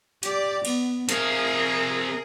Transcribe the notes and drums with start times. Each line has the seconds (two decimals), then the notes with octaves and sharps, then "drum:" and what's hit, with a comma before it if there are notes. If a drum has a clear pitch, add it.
0.23 G4 D5, drum: hi-hat
0.65 B3, drum: cymbal
1.09 C3 G#4 A#4 F5, drum: hi-hat